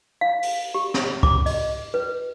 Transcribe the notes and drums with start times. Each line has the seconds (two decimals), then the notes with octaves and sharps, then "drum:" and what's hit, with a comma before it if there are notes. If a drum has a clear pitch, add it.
0.21 F5
0.42 drum: open hi-hat
0.75 G4
0.94 drum: snare
1.23 D6, drum: kick
1.46 D#5, drum: open hi-hat
1.94 B4